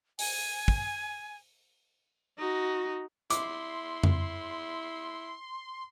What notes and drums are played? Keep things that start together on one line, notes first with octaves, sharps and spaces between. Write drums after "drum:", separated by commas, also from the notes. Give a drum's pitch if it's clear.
G#5, drum: open hi-hat
drum: kick
D#4 F#4
E4 C6 D6, drum: hi-hat
drum: tom F2